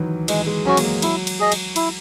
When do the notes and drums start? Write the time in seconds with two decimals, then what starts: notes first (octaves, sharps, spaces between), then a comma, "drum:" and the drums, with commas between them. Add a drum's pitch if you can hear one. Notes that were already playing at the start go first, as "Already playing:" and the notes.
Already playing: D#3 E3 F#3
0.28 E3 G#3, drum: cymbal
0.47 G#3
0.65 F#3 C#4 F#4
0.77 A#3, drum: cymbal
0.84 G#3
1.02 F#3 E4, drum: cymbal
1.27 drum: cymbal
1.40 G#4 D#5
1.52 drum: cymbal
1.76 E4, drum: cymbal